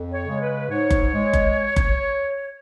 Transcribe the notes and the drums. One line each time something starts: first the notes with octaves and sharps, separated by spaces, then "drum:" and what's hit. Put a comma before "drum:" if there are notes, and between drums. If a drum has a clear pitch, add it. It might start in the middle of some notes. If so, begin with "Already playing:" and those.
Already playing: F2
C#5
C#3 G#3
B4
G#2 C#5
drum: kick F#1
G#3
drum: kick F#1
drum: kick F#1